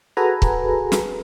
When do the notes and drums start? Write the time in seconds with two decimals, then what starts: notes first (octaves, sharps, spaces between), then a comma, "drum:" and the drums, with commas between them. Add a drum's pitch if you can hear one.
0.17 F#4 G#4 A4 B4 G#5 A#5
0.42 drum: kick
0.92 drum: snare